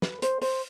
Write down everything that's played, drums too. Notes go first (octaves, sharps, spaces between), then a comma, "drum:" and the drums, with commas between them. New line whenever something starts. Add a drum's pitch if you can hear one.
B4, drum: snare
C5, drum: hi-hat
C5, drum: open hi-hat